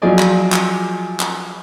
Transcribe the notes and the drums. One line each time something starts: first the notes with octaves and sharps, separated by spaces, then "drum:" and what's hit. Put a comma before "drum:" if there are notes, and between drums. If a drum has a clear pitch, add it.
F3 F#3 G#4 D5 D#5
drum: clap
drum: clap
drum: clap